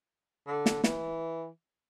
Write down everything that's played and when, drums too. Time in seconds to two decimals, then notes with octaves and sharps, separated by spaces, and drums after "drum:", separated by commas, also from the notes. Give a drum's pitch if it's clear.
0.47 D3
0.66 drum: snare
0.84 E3, drum: snare